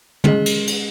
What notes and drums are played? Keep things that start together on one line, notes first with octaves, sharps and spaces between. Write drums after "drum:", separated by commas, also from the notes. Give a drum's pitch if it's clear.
G#3 C#4 G#4 D#5, drum: tom
drum: cymbal
drum: cymbal